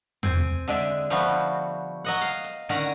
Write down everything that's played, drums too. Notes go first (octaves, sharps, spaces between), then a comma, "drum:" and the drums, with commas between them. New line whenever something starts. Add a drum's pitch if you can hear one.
C4 G#5, drum: tom E2
D3 G#3 D4 E5
F3 G3 A3 B3 F#4
F#3 D#5 F#5
F5
drum: hi-hat
D3 D#3 C#4 F#5 A#5, drum: hi-hat